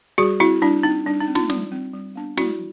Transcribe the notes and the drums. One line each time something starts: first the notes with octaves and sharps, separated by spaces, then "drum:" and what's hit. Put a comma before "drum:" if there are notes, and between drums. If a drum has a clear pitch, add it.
G3 F#4 G#4
C4 E4 F#4
G3 D4 E4
C4 D#4
G3 D4
D#4
C4
D#4 F4, drum: snare
G3, drum: snare
C4
G3
B3 D4
G3 E4 F#4, drum: snare